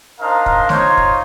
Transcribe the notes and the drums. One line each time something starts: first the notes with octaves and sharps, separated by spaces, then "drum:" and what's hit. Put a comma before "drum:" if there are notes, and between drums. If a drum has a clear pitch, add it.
D4 D#4 A#4 C5 F5
drum: kick
D#4 F4 C5 C#5, drum: snare A3
drum: kick